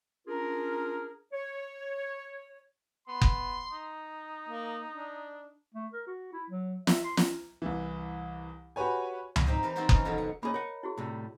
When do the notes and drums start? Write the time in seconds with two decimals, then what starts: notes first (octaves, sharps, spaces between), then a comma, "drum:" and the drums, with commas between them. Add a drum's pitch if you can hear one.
0.28 C#4 D4 F4 G#4 A#4
1.33 C#5
3.08 B3 C6
3.21 drum: kick F#1
3.72 D#4
4.49 A#3
4.90 D4
5.74 A3
5.93 A#4
6.07 F#4
6.32 E4
6.50 F#3
6.87 E5, drum: snare
7.04 C6
7.17 C#4, drum: snare
7.62 C2 E3
8.76 F#4 G4 B4 C#5 G#5
9.36 drum: tom C#2
9.46 C4 D#4 G4 C5 D#5
9.63 E3 A#4 B4
9.76 C4 D#4 F4 F#4 C5 C6
9.89 E3 C#4 D#4 F4 F#4, drum: kick F#1
10.05 B2 D3 D#3 F3 F#3
10.18 F#5
10.43 A#3 C#4 G#4 C#5 D#5 B5
10.54 A#4 C#5 F#5
10.83 E4 F#4 G#4
10.98 A2 C3 G3